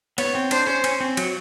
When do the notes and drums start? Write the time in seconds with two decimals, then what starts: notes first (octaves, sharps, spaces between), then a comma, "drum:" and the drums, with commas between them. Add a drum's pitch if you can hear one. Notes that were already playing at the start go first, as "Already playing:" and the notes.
0.18 B3 C#5, drum: cymbal
0.35 C4
0.51 D4 C5, drum: cymbal
0.67 C#4
0.84 C#4, drum: cymbal
1.01 C4
1.17 F#3, drum: cymbal